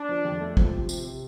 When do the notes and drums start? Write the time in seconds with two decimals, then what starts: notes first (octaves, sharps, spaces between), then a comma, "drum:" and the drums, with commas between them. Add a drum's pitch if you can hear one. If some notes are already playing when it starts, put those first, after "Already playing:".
Already playing: D4
0.09 F3
0.25 F2
0.41 A3
0.57 F3, drum: kick
0.73 C3
0.89 C3, drum: tambourine
1.04 C3